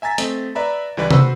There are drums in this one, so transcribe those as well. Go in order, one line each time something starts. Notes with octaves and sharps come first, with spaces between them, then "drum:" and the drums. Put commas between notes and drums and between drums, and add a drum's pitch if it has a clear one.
E5 G#5 A#5 A6 B6
A3 C4 D#5, drum: hi-hat
B4 D5 E5 A#5 B5
C#2 E3 G3 B4 D5
F#4 B4 C5 B5 E6, drum: tom C3